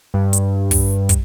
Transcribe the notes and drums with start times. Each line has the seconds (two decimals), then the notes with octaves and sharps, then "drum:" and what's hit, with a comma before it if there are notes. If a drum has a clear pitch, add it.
0.14 G2
0.33 drum: hi-hat
0.71 drum: kick, open hi-hat
1.09 drum: kick, hi-hat